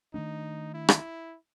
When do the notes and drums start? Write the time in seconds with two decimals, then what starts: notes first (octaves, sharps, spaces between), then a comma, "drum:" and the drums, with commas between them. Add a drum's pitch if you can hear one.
0.14 D#3 F#3 A3 D4 D#4
0.74 E4
0.89 drum: rim click